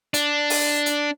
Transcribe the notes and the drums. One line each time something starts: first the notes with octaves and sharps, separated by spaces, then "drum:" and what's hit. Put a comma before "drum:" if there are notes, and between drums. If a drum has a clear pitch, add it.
D4, drum: hi-hat
drum: open hi-hat
drum: hi-hat